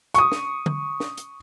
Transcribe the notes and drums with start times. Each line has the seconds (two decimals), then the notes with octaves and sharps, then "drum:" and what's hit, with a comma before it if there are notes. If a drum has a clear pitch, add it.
0.14 C#6 D#6, drum: hi-hat
0.32 drum: snare
0.66 drum: tom D3
1.00 drum: snare
1.17 drum: hi-hat